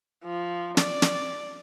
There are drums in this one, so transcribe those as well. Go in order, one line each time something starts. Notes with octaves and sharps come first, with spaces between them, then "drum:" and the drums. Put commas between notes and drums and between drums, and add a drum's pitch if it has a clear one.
F3
D5, drum: snare
drum: snare